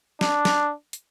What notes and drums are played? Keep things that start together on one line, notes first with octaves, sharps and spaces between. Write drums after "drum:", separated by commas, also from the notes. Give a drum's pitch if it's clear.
D4, drum: snare
drum: snare
drum: hi-hat